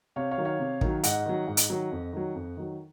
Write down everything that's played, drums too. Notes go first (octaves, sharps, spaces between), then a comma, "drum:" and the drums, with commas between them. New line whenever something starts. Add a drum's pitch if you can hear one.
C3 C#5 F5
C#5 F5
D#3 F#3
C#5 F5
C3
D#3 F#3, drum: kick
G#2 D#5 F#5, drum: hi-hat
D#3 F#3
G#2
drum: hi-hat
D#3 F#3
F2
D#3 F#3
F2
D#3 F#3